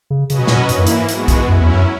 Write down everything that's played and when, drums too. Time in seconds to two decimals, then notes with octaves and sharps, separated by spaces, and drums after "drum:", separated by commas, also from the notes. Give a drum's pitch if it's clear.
0.10 C#3
0.30 C#3 F#3 C#4 F#4 B4 D#5, drum: hi-hat
0.39 B2
0.47 A#2, drum: snare
0.56 B2
0.69 G#2 E3 A#3 E4, drum: hi-hat
0.78 F#2
0.87 G#2, drum: hi-hat
1.09 B2 G#3 B3 F#4, drum: hi-hat
1.28 drum: kick B1, hi-hat
1.48 F#2 F#3 C#4 E4
1.61 E2
1.74 F#2